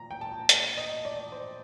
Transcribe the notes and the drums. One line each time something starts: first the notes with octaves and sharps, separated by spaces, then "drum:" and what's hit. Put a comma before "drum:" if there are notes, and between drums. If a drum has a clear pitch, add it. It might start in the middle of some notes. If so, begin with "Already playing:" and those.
Already playing: A#2 A#5
G5
A5
drum: hi-hat
D#5
D5
C5